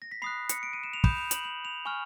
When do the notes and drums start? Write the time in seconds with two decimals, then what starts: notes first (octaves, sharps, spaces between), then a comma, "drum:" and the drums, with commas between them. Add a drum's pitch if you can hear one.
0.02 A#6
0.11 B6
0.22 B5 D#6 F#6 C7
0.49 C#7, drum: hi-hat
0.63 D7
0.73 D#7
0.83 E7
0.93 F7
1.04 B5 D#6 G6 E7, drum: kick
1.17 F7
1.31 F#7, drum: hi-hat
1.45 F#7
1.65 F7
1.85 G#5 C#6 F6